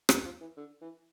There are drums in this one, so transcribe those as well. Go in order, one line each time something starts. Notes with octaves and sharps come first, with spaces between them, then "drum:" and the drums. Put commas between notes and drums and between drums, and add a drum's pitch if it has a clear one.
F3, drum: rim click
F3
E3
D3
E3